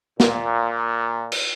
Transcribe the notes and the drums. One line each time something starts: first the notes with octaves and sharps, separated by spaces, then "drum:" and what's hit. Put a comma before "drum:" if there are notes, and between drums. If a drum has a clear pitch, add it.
A#2, drum: snare
drum: cymbal